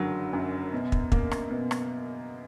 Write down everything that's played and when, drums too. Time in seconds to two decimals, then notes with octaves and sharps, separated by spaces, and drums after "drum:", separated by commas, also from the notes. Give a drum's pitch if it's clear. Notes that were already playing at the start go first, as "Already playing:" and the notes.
Already playing: F#1 D3 F#3
0.33 F#2
0.73 B2
0.92 drum: kick
1.12 A#3, drum: kick
1.31 drum: rim click
1.51 B2
1.71 drum: rim click